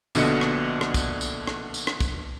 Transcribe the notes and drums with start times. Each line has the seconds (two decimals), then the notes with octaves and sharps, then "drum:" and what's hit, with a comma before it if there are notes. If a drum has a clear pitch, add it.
0.15 A#1 B2 D3 D4 D#5 C#7, drum: tambourine
0.41 drum: rim click
0.81 drum: rim click
0.94 drum: kick, tambourine
1.21 drum: tambourine
1.47 drum: rim click
1.74 drum: tambourine
1.87 drum: rim click
2.00 drum: kick, tambourine